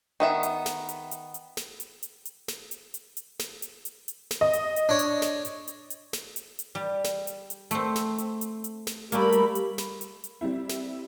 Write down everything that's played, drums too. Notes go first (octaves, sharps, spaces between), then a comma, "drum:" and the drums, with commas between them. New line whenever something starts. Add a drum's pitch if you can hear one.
D#3 B3 E5
drum: hi-hat
drum: snare
drum: hi-hat
drum: hi-hat
drum: hi-hat
drum: snare
drum: hi-hat
drum: hi-hat
drum: hi-hat
drum: snare
drum: hi-hat
drum: hi-hat
drum: hi-hat
drum: snare
drum: hi-hat
drum: hi-hat
drum: hi-hat
drum: snare
D#5
drum: hi-hat
drum: hi-hat
D4 C#5
drum: hi-hat
drum: snare
drum: hi-hat
drum: hi-hat
drum: hi-hat
drum: snare
drum: hi-hat
drum: hi-hat
G3
drum: snare
drum: hi-hat
drum: hi-hat
A3 C4, drum: hi-hat
drum: snare
drum: hi-hat
drum: hi-hat
drum: hi-hat
drum: snare
G3 A3 A#3 A#4 B5, drum: hi-hat
drum: hi-hat
drum: hi-hat
drum: snare
drum: hi-hat
drum: hi-hat
G3 C4 E4
drum: snare